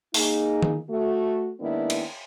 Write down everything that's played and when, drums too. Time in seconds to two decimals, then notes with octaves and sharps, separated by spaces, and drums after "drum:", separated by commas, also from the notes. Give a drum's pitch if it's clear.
0.14 A#3 D#4 G#4, drum: open hi-hat
0.63 drum: tom D#3
0.89 A3 F#4
1.59 D#3 G#3 A#3 B3 D4 E4
1.90 drum: cymbal